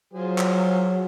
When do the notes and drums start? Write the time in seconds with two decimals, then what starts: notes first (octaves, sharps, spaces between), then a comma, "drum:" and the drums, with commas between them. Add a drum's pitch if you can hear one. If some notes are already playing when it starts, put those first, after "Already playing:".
0.13 F#3 F4 G#4 C5
0.38 drum: clap